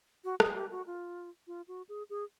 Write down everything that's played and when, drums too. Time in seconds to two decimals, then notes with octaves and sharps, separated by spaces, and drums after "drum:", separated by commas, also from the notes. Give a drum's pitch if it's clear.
0.24 F#4
0.40 G#4, drum: rim click
0.55 G4
0.71 F#4
0.87 F4
1.47 F4
1.68 F#4
1.89 G#4
2.10 G#4